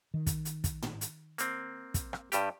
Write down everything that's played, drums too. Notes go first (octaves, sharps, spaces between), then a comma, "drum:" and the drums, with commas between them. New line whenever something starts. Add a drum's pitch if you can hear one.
D#3
drum: kick, hi-hat
drum: hi-hat
drum: kick, hi-hat
drum: tom
drum: hi-hat
A#3 C4, drum: hi-hat
drum: kick, hi-hat
drum: rim click
G2 G3 G4, drum: hi-hat